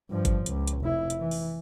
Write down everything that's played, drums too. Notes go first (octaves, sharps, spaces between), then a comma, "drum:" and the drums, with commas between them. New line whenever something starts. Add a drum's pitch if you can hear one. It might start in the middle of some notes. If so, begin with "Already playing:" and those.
G2 F3
drum: kick G1, hi-hat
C#2, drum: hi-hat
drum: hi-hat
F1 E4
drum: hi-hat
E3
drum: open hi-hat